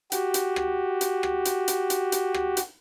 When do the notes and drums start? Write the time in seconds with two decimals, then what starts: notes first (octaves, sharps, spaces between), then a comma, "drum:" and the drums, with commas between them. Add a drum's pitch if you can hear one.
0.12 F#4 G4, drum: hi-hat
0.34 drum: hi-hat
0.56 drum: rim click
1.01 drum: hi-hat
1.23 drum: rim click
1.45 drum: hi-hat
1.68 drum: hi-hat
1.90 drum: hi-hat
2.12 drum: hi-hat
2.34 drum: rim click
2.57 drum: hi-hat